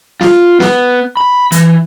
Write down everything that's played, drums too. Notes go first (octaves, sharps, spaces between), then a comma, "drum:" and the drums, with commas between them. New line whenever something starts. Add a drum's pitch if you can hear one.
F4, drum: snare
B3, drum: snare
B5
E3, drum: hi-hat